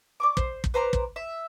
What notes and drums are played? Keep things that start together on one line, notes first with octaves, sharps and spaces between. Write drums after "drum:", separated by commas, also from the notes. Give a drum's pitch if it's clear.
D5 C#6 D6
C5, drum: kick
drum: kick
B4 C5 A#5 D6
drum: kick
E5